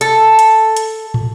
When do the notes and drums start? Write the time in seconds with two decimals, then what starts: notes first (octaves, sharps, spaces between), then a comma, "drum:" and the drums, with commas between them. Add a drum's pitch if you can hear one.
0.01 A4, drum: hi-hat
0.39 drum: hi-hat
0.77 drum: hi-hat
1.14 drum: tom